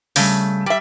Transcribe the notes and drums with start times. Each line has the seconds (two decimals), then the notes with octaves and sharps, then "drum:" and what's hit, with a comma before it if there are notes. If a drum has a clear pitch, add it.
0.16 C#3 G3 A3 E6 G6, drum: open hi-hat
0.66 G3 E5